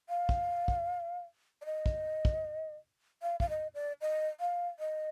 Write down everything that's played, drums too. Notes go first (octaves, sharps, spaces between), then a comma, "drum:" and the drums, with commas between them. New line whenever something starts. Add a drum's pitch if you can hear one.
F5
drum: kick
drum: kick
D5
D#5
drum: kick
drum: kick
F5
F5, drum: kick
D#5
D5
D#5
F5
D#5